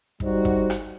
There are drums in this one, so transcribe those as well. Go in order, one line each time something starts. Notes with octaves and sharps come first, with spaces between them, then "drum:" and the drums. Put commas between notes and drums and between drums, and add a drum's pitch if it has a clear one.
G3 D#4 F#4 C5, drum: kick
drum: kick
drum: rim click